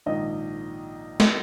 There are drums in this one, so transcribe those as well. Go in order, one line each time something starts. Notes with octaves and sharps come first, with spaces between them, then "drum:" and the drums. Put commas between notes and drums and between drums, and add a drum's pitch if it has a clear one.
A#1 G#2 D#3 D#5
D#5, drum: snare